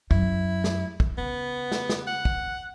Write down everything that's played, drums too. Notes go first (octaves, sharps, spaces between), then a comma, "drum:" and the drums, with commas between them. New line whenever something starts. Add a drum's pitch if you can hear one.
F#2 E4, drum: kick
drum: snare
drum: kick
C#3 B3
drum: snare
drum: snare
F#5
drum: kick